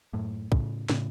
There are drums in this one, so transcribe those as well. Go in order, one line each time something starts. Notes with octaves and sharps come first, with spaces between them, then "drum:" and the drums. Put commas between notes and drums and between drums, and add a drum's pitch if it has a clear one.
F#2 A2
A2 C#3, drum: kick
A2 C#3, drum: snare